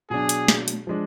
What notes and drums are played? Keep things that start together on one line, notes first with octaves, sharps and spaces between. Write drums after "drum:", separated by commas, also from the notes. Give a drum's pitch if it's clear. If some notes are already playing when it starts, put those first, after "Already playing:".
B2 F#3 D4 G#4
drum: hi-hat
drum: snare
drum: hi-hat
F3 G#3 D4